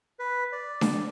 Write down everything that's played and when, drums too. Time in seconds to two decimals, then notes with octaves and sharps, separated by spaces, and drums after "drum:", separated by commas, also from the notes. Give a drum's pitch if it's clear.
0.19 B4
0.52 D5
0.81 drum: snare D4